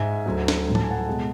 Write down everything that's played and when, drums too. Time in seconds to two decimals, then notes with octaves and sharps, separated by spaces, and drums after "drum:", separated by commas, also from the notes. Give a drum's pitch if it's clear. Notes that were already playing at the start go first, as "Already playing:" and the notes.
Already playing: G#2 G#3 E5 G#5
0.26 D2 D3 F#3
0.48 drum: snare
0.67 A2 F#3
0.75 A5, drum: tom F3
0.83 G#5
0.91 F#5 A5
1.07 B2 G#3